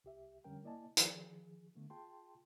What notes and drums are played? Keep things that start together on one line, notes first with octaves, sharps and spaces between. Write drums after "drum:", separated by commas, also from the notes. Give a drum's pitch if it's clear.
C2 G4 E5
F2 D3 G3 C#4 A#4 G5
A#3 E4 D5 D#5 G#5 A5
D#3 F3 G#4, drum: hi-hat
D3 A3 B3
F4 G#4 G5 A5 C6